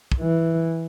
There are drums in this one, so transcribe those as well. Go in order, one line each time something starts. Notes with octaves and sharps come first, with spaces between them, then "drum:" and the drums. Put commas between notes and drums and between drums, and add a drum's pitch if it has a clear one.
drum: kick
E3